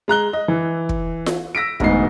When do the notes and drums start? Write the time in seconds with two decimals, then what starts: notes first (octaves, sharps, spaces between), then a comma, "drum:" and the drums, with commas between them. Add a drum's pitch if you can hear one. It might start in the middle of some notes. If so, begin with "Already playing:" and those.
0.08 G#3 A#5 F#6 G7
0.33 D#5
0.48 E3
0.89 drum: kick
1.26 drum: snare F4
1.55 E6 A#6 B6 D7
1.80 E1 D2 G#2 B3 D#4 C7, drum: kick